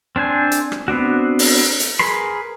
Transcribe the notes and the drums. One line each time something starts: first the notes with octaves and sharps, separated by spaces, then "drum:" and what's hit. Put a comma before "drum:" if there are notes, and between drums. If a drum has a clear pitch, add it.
C4 D4 C5 G#5
drum: hi-hat
drum: rim click
B3 C4 D4 F#4
drum: open hi-hat
drum: hi-hat
G#4 A#4 B4 B5 C6